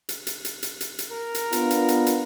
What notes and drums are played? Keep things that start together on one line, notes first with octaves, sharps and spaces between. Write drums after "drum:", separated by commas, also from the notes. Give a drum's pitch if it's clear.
drum: hi-hat
drum: hi-hat
drum: hi-hat
drum: hi-hat
drum: hi-hat
drum: hi-hat
A#4
drum: hi-hat
B3 D4 F4, drum: hi-hat
drum: hi-hat
drum: hi-hat
drum: hi-hat